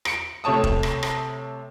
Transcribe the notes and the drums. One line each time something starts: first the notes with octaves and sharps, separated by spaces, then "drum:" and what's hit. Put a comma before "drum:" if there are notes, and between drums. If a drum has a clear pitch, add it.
C#7 D7, drum: rim click
C3 A3 C#5 A5 D#6
drum: kick E1
drum: rim click
drum: rim click